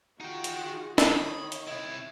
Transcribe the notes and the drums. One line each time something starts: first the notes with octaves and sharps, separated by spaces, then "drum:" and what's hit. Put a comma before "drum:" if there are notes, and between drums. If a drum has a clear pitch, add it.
D#4 F4 F#4 G#4 G5
drum: hi-hat
D#3 C#5 D#5 B5, drum: snare
drum: hi-hat
C3 E4